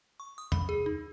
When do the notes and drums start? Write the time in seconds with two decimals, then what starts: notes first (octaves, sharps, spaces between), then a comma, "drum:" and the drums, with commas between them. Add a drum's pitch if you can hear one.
0.20 C#6
0.38 D#6
0.52 B5, drum: tom E2
0.69 G#4
0.86 D#4